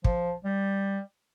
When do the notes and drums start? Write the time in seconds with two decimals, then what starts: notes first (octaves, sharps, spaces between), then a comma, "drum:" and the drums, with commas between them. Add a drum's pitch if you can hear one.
0.04 F3, drum: kick
0.44 G3